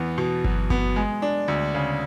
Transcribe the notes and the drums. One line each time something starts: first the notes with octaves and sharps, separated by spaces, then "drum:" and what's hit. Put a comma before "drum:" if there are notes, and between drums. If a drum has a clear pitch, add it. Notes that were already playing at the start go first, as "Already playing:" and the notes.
Already playing: E2 B3
B2
F#3, drum: kick G1
B3, drum: kick G1
G#3
D4
D2
C#3